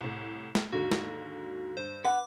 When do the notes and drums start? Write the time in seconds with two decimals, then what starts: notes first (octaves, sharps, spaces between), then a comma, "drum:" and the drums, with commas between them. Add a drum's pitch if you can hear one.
0.01 C2 A2
0.55 drum: snare
0.72 D#2 G#2 D3 F#4
0.91 drum: snare
1.77 G2 C5
2.05 B4 F#5 D6